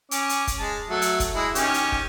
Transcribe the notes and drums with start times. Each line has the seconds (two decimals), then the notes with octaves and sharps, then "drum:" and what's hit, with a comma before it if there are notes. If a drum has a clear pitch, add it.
0.11 C#4 D6, drum: hi-hat
0.29 drum: hi-hat
0.47 drum: kick, hi-hat
0.59 G#3 A5
0.89 F#3 A3
1.02 drum: hi-hat
1.20 drum: kick, hi-hat
1.35 G#3 E4
1.55 D#3 C#4 G4, drum: hi-hat
1.74 drum: hi-hat
1.92 drum: kick